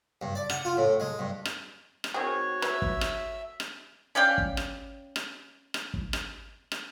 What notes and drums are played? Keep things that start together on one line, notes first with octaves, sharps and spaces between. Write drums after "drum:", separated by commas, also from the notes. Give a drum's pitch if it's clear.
G2
D5
F#5, drum: rim click
F4
A2
G#3
G2
drum: rim click
drum: rim click
D#3 C4 F#4 G#4 C#5
B4 E5, drum: rim click
drum: kick
drum: rim click
drum: rim click
C#4 D5 F5 G5
drum: kick
drum: rim click
drum: rim click
drum: rim click
drum: kick
drum: rim click
drum: rim click